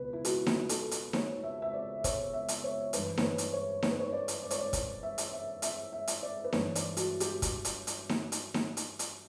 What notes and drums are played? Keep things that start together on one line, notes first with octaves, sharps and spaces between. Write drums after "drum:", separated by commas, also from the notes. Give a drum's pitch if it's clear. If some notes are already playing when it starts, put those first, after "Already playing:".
Already playing: C#2 B2 B4
E4
F#4, drum: hi-hat
drum: snare D#4
A4, drum: hi-hat
drum: hi-hat
C#5, drum: snare D#4
E5
E5
D5
C#5, drum: kick, hi-hat
E5
drum: hi-hat
C#5
G2 E3 B4, drum: hi-hat
C#5, drum: snare D#4
B4
drum: hi-hat
C#5
C#5, drum: snare D#4
B4
C#5
D5
drum: hi-hat
D5
C#5, drum: hi-hat
D5
drum: kick, hi-hat
E5
drum: hi-hat
E5
E5, drum: hi-hat
E5
drum: hi-hat
D5
B4
G2 E3 C#5, drum: snare D#4
D5, drum: hi-hat
F#4, drum: hi-hat
G4, drum: hi-hat
drum: kick, hi-hat
drum: hi-hat
drum: hi-hat
drum: snare D#4
drum: hi-hat
drum: snare D#4
drum: hi-hat
drum: hi-hat